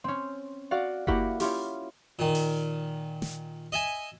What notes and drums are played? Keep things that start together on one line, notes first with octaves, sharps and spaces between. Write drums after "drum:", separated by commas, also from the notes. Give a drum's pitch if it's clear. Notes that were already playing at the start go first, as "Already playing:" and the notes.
C4 C#4
F#4 D5 F5 F#5
A#3 E4 F#4 G4 F#5 B6, drum: kick F#1
C#4 E4 F4 G4, drum: open hi-hat
A#2 D#3
drum: open hi-hat
drum: snare
D#5 E5 G#5